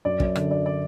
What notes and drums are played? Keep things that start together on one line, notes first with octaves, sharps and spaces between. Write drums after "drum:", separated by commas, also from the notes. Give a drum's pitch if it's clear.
F#2 D5
F#2, drum: kick
D3, drum: rim click
F#3 D5
D5